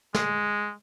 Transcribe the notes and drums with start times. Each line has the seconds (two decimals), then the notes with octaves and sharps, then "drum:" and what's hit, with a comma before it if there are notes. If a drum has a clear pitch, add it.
0.14 G#3, drum: snare